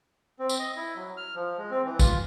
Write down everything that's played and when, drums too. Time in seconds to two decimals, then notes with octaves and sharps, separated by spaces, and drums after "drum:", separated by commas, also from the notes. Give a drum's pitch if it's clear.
0.39 C4
0.49 drum: tambourine
0.59 D#5
0.77 E4
0.96 F#3
1.17 F6
1.35 F3
1.58 G#3
1.71 C4
1.85 E3
1.99 F4, drum: kick, tambourine